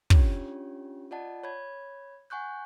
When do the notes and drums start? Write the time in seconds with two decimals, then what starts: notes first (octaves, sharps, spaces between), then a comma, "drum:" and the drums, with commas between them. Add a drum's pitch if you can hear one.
0.10 C#4 D4 F4 G4 C#5, drum: kick
1.11 F4 D5 D#5 F#5 A5
1.44 C#5 B5 G#6
2.30 F#5 G#5 C#6 F#6 G6